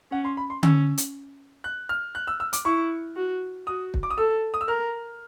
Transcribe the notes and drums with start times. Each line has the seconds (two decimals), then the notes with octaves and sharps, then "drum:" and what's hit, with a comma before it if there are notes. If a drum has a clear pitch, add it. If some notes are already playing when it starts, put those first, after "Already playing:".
0.11 C#4 F#5
0.25 C6
0.37 B5
0.50 C6
0.63 C#4 E6, drum: tom D3
0.98 drum: hi-hat
1.64 F#6
1.89 F6
2.15 F#6
2.27 E6
2.40 E6
2.53 D6, drum: hi-hat
2.65 E4 C#6
3.16 F#4
3.67 F#4 D#6
3.94 drum: kick
4.03 D6
4.10 D#6
4.18 A4 E6
4.54 D#6
4.61 E6
4.68 A#4 F6